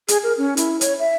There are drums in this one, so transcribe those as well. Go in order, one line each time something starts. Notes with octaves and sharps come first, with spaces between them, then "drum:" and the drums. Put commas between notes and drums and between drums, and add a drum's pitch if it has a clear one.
G#4, drum: hi-hat
A#4
C#4
E4, drum: hi-hat
C#5, drum: hi-hat
E5